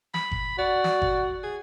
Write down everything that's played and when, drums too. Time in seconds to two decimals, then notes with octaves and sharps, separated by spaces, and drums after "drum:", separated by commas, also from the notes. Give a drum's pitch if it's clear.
0.14 B5, drum: snare
0.32 drum: kick G1
0.58 F#4 D5
0.84 drum: snare
1.02 drum: kick G1
1.44 G#4